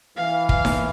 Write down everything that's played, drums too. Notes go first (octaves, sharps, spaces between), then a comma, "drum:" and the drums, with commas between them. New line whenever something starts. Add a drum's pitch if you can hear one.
E3 F5
F5, drum: kick
drum: snare D#4